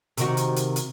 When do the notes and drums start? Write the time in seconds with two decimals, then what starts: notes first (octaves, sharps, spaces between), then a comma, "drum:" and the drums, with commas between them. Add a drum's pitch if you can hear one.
0.17 C3 D#3 F#4, drum: hi-hat
0.37 drum: hi-hat
0.56 drum: hi-hat
0.76 drum: hi-hat